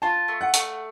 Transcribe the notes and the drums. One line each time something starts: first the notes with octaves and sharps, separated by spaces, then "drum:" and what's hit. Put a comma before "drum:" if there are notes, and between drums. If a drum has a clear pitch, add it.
F4 A5
A3
F#5
A3, drum: hi-hat